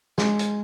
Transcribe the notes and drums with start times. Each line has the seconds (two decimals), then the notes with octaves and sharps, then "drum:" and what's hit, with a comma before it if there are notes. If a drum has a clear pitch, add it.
0.18 G#3, drum: snare
0.39 drum: hi-hat